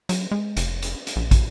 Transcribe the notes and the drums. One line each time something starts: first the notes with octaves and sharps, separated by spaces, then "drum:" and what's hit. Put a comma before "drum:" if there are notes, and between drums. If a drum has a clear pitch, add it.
F#3, drum: hi-hat
G#3
F1, drum: hi-hat
drum: hi-hat
drum: hi-hat
A#1
drum: kick, hi-hat